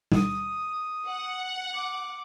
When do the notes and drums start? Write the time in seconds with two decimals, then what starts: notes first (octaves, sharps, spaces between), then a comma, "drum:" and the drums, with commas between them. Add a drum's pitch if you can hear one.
0.12 D#6, drum: tom
1.06 F#5
1.72 D6